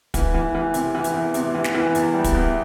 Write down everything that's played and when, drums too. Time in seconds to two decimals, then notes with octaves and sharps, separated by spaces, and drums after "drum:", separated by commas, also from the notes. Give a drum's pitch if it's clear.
0.14 E3, drum: kick, hi-hat
0.34 E3
0.55 E3
0.74 C3, drum: hi-hat
0.95 E3
1.04 drum: hi-hat
1.14 E2
1.34 C3, drum: hi-hat
1.54 E3
1.64 drum: snare
1.74 E3
1.95 E2, drum: hi-hat
2.14 G3
2.24 drum: kick, hi-hat
2.35 E2